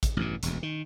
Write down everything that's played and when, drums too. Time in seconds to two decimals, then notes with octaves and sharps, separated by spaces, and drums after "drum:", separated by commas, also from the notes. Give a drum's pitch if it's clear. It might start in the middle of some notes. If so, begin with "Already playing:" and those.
0.03 drum: kick A1, hi-hat
0.17 A1 G2 B2
0.43 E1 D2, drum: hi-hat
0.63 D#3